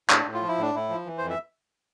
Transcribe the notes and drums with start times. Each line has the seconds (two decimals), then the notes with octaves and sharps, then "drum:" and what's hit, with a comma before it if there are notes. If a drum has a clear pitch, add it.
0.10 A2 D4, drum: clap
0.26 A2
0.34 F4
0.42 F3
0.48 E4
0.58 A2 D4
0.75 A2 E4
0.89 F3
1.06 E3
1.18 C5
1.22 F2
1.30 E5